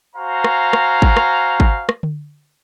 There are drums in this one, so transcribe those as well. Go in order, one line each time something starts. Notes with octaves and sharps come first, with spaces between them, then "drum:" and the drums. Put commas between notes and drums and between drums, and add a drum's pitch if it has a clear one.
F#4 C5 F5 G#5 A#5
drum: rim click
drum: rim click
drum: kick G#1
drum: rim click
drum: kick G#1
drum: rim click
drum: tom D3